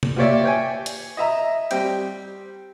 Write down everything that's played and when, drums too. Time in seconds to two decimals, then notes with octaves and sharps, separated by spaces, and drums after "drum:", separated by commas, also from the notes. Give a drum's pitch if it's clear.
0.03 drum: tom C3
0.16 A#3 F4 G4 C#5 D5 E5
0.44 C#5 G5 G#5
0.86 drum: hi-hat
1.17 D#5 E5 A#5
1.71 G3 C4 G5, drum: hi-hat